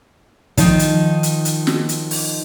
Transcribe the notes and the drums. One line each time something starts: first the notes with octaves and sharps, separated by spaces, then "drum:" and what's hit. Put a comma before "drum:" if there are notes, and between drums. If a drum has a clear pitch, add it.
D#3 F3 D#4, drum: kick, hi-hat
drum: hi-hat
drum: hi-hat
drum: hi-hat
drum: snare
drum: hi-hat
drum: open hi-hat